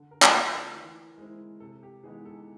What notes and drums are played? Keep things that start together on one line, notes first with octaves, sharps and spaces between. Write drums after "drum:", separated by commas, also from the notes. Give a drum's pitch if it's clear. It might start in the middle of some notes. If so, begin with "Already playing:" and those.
Already playing: D3
A#4
drum: clap
F3 A3 B4
A#4
E3
G#3 C4 E4
C3 A4
G4
E3 G#3 B3 D#4 G#4
A4